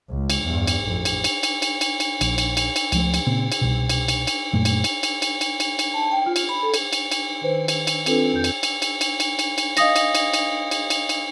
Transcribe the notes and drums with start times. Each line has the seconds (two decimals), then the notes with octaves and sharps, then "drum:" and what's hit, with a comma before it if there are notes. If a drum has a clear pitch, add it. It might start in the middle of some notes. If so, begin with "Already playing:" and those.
0.10 C#2
0.30 drum: cymbal
0.43 E2 G2
0.67 drum: cymbal
0.83 A1 F2
1.05 drum: cymbal
1.24 drum: cymbal
1.43 drum: cymbal
1.62 drum: cymbal
1.81 drum: cymbal
2.00 drum: cymbal
2.21 A#1, drum: cymbal
2.38 drum: cymbal
2.57 drum: cymbal
2.76 drum: cymbal
2.92 C#2 F3 A3, drum: cymbal
3.14 drum: cymbal
3.26 A#2 C#3 C4
3.52 drum: cymbal
3.61 C2 B2
3.89 drum: cymbal
4.08 drum: cymbal
4.27 drum: cymbal
4.53 F#2 A#2 A3
4.65 drum: cymbal
4.84 drum: cymbal
5.03 drum: cymbal
5.22 drum: cymbal
5.41 drum: cymbal
5.60 drum: cymbal
5.79 drum: cymbal
5.94 A5
6.11 G5
6.26 F4
6.36 drum: cymbal
6.49 B5
6.63 A4
6.74 drum: cymbal
6.93 drum: cymbal
7.12 drum: cymbal
7.41 D#3 B4 C5
7.68 drum: cymbal
7.87 drum: cymbal
8.06 C4 D4 F4 A4 B4, drum: cymbal
8.33 F2 G6
8.44 drum: cymbal
8.63 drum: cymbal
8.82 drum: cymbal
9.01 drum: cymbal
9.20 drum: cymbal
9.39 drum: cymbal
9.58 drum: cymbal
9.77 D#5 F5 D#6 A#6, drum: cymbal
9.96 drum: cymbal
10.15 drum: cymbal
10.34 drum: cymbal
10.71 drum: cymbal
10.90 drum: cymbal
11.09 drum: cymbal